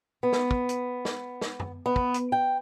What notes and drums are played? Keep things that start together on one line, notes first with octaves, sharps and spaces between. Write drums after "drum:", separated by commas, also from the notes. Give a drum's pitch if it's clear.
B3
drum: snare
drum: kick
drum: hi-hat
drum: snare
drum: snare
drum: tom F#2
B3
drum: kick
drum: hi-hat
G5